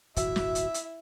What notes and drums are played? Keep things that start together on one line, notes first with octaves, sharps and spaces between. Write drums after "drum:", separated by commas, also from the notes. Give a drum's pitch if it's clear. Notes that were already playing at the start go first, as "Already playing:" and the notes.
D#1 G#1 F2 E4 F#4 E5, drum: hi-hat
drum: snare
drum: hi-hat
drum: hi-hat